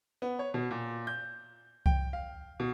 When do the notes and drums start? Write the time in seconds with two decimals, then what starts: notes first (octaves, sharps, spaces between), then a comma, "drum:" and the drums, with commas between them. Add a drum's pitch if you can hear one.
0.22 B3
0.39 C#5
0.54 B2
0.71 A#2
1.07 G6
1.86 G5, drum: kick C2
2.13 F5
2.60 B2